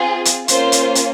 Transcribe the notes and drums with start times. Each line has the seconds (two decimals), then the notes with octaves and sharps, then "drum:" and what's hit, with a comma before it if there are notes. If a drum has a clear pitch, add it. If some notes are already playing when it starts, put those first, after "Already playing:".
Already playing: C4 F4 G#4
0.25 drum: hi-hat
0.48 A#3 C#4 F4 C5, drum: hi-hat
0.72 drum: hi-hat
0.95 drum: hi-hat